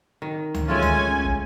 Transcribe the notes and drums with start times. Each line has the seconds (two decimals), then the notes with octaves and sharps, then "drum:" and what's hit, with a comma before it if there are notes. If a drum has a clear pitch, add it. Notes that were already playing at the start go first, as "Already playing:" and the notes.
0.22 D#3
0.54 drum: tom C#2
0.68 G#3 A3 C#4 F4 G#5
0.82 drum: tom C#2
1.24 drum: kick